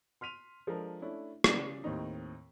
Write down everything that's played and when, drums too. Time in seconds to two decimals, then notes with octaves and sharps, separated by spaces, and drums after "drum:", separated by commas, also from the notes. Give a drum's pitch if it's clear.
0.21 C6 F6 B6 D#7 F7
0.67 F3 G#3 D4 A4 A#4
1.01 A3 C#4 D4 E4
1.44 C#3 G3 G#4 D5 D6, drum: rim click
1.84 D#2 A2 D#3 C4 D#4